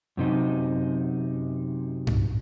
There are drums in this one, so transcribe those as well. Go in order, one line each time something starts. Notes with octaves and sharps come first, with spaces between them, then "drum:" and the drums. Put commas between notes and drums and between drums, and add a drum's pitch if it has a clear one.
F#2 C3 D#4
drum: tom G2